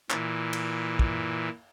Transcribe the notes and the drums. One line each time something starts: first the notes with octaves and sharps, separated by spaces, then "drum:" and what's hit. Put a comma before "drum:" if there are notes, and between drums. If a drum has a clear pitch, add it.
A#2 E3, drum: clap
drum: cymbal
drum: kick